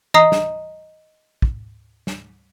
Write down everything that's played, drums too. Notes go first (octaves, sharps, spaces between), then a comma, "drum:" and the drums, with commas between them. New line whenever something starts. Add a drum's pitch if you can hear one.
D#5 A#5 D#6 C7, drum: tom E3
drum: snare
drum: kick
drum: snare